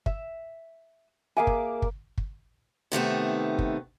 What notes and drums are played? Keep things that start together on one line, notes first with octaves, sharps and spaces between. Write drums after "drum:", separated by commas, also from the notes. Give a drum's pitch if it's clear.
E5, drum: kick
A#3 G#4 E5 F5 G#5 D6
drum: kick
drum: kick
drum: kick
C3 D#3 A3 B3
drum: kick